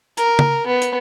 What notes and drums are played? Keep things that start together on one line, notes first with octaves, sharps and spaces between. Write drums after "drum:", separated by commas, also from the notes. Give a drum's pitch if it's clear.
A#4, drum: hi-hat
drum: tom C#3
B3
drum: hi-hat